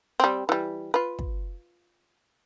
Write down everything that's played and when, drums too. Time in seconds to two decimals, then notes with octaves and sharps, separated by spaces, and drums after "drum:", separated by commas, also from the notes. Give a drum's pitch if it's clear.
0.20 G3 C4
0.49 E3 G3
0.94 F4 B4
1.19 drum: kick